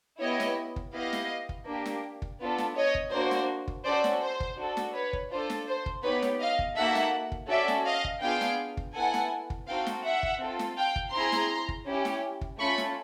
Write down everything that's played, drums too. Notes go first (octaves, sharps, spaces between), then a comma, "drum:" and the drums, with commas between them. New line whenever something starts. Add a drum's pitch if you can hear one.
B3 E4 G4 C#5 D#5
drum: snare
drum: kick
B3 E4 G4 D#5 F5
drum: snare
drum: kick
A#3 D4 G4
drum: snare
drum: kick
B3 D4 F4 A4
drum: snare
C#5 D#5
drum: kick
A#3 D4 F#4 C5
drum: snare
drum: kick
C#4 F#4 A4 C5 D5
drum: snare
C5
drum: kick
D4 F#4 A4
drum: snare
B4 C#5
drum: kick
D4 F4 A4 C5
drum: snare
C5
drum: kick
B3 D#4 G4 B4 C#5
drum: snare
D#5 F5
drum: kick
A#3 D#4 F#4 A4 E5 F#5
drum: snare
drum: kick
C#4 F#4 A4 D5 E5
drum: snare
D#5 F5
drum: kick
B3 D4 F4 G#4 F5 G5
drum: snare
drum: kick
B3 E4 A4 F#5 G#5
drum: snare
drum: kick
C4 D#4 F#4 A4 F5 G5
drum: snare
E5 F#5
drum: kick
C4 F4 A4
drum: snare
F5 G5
drum: kick
C4 E4 G#4 A#5 C6
drum: snare
drum: kick
C#4 E4 G4
drum: snare
drum: kick
A3 C#4 F4 A4 B5 C#6
drum: snare